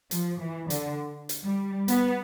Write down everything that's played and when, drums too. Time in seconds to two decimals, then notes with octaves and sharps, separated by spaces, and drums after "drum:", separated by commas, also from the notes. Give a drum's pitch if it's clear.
0.11 F3, drum: hi-hat
0.40 E3
0.70 D3, drum: hi-hat
1.29 drum: hi-hat
1.44 G3
1.88 B3, drum: hi-hat